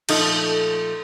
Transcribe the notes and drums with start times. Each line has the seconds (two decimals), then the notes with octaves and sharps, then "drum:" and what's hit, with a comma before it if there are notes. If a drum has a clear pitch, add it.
0.09 A#2 F3 A3 D#4 A4, drum: cymbal